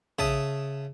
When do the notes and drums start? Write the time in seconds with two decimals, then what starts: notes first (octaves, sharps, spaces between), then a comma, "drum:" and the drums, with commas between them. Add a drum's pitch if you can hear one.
0.19 C#3 E5 A5 D#6, drum: kick A#1